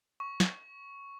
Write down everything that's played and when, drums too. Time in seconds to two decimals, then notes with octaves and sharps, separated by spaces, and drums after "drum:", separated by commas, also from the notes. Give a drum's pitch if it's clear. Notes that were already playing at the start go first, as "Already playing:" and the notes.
0.20 C#6
0.40 drum: snare